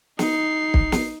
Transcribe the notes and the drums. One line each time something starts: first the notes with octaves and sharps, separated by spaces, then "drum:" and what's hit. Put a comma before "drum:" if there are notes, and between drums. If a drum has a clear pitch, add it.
D#4 C7, drum: snare
drum: kick
drum: snare